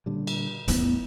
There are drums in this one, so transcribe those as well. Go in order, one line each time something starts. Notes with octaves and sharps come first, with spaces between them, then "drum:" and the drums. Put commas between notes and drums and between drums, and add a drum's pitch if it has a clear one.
A#2 D3 G3
drum: cymbal
E2 A2 E3 B3 D#4, drum: hi-hat